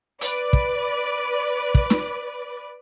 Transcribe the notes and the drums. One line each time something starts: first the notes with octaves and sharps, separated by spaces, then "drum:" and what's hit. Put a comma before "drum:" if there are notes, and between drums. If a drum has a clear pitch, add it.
B4 D5, drum: hi-hat
drum: kick
drum: kick
drum: snare